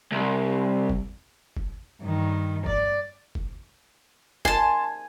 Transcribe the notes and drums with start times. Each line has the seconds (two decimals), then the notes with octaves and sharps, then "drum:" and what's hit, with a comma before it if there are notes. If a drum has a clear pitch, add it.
0.12 C2
0.90 drum: kick
1.57 drum: kick
2.01 G2 D#3
2.66 D5, drum: kick
3.35 drum: kick
4.45 G#5 A5 C6, drum: kick